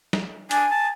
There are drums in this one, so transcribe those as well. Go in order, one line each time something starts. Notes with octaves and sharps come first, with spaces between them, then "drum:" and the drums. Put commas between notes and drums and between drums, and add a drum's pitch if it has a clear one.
drum: snare
D4 G#5, drum: hi-hat
A5